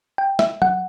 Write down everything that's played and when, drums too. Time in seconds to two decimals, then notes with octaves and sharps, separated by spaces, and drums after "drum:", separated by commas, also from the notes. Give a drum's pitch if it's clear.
0.18 G5
0.39 E5, drum: snare
0.62 F#5, drum: tom F#3